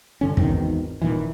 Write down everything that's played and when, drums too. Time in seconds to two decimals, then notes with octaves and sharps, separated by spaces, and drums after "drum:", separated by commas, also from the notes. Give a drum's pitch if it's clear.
0.21 G2 D3 C#4
0.37 G#1 E2 D#3 C4, drum: kick
1.01 D#1 A#2 D#3 E3